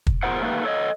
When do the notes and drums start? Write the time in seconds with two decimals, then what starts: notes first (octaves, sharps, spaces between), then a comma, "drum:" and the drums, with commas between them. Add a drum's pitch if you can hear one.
0.07 drum: kick
0.23 B3 F4 G#4 A#4 C5 F#5
0.42 A3 A#3 D#4 G4 B4
0.64 A4 C#5 D#5